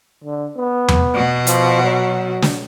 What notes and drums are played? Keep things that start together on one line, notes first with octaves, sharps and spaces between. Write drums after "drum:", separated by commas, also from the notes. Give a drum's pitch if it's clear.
D3
B3
drum: tom E2
B2 F#4
F3, drum: hi-hat
F#3
drum: snare